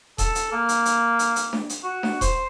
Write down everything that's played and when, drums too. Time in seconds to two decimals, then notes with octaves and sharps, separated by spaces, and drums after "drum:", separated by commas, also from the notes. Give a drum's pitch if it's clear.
0.18 A4, drum: kick D#1, hi-hat
0.35 drum: hi-hat
0.52 A#3
0.69 drum: hi-hat
0.85 drum: hi-hat
1.19 drum: hi-hat
1.36 drum: hi-hat
1.53 drum: snare D4
1.69 drum: hi-hat
1.84 F#4
2.03 drum: snare D4
2.21 C5, drum: kick D#1, hi-hat